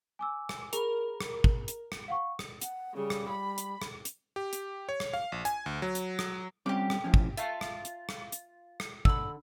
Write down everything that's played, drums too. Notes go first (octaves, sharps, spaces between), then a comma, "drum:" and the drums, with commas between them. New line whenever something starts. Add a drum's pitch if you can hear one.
G#5 D6 E6
drum: rim click
G#4 A#4 B5, drum: hi-hat
drum: rim click
drum: kick
drum: hi-hat
drum: rim click
F5 F#5 C#6
drum: rim click
F#5, drum: hi-hat
C#3 G3
drum: rim click
B5
drum: hi-hat
drum: rim click
drum: hi-hat
G4
drum: hi-hat
C#5
drum: rim click
F5
A#1
G#5, drum: hi-hat
D2
F#3
drum: hi-hat
drum: rim click
G3 C4 C#4 G4 D6
drum: rim click
A2 F3 C#4
drum: kick
F4 E5 A5, drum: hi-hat
drum: rim click
drum: hi-hat
drum: rim click
drum: hi-hat
drum: rim click
D3 B5 E6, drum: kick